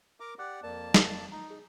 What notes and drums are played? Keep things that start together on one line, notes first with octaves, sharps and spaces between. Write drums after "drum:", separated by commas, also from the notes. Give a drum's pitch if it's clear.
A#4 A#5 D6
G4 D5 F#5 D6 F#6
F2 A#3 A#4 D5 A5
drum: snare
D#4 A#5
G#4